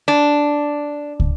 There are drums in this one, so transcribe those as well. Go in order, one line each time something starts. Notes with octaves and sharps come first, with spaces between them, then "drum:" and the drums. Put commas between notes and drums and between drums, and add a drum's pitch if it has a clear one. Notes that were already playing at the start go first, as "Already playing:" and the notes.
D4
drum: kick